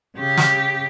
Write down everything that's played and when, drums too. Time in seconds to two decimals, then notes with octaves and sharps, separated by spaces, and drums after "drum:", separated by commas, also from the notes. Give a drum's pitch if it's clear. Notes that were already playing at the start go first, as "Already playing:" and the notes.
0.17 C#3 G4
0.37 drum: snare